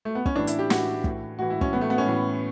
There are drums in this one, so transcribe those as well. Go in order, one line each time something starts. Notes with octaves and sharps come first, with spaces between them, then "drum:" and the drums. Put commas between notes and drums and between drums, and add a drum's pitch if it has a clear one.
A3
B3
C#4, drum: kick
A2 E3 D4
E4, drum: hi-hat
G4
A2 E3 F#4, drum: snare
A2 E3, drum: kick
A2 E3 F#4
E4
C#4, drum: kick
A2 E3 B3
A3
B3
C#4
A2 E3